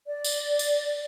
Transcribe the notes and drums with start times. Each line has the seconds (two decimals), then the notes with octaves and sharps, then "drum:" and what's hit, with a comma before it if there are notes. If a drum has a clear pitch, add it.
0.07 D5
0.24 drum: tambourine
0.59 drum: tambourine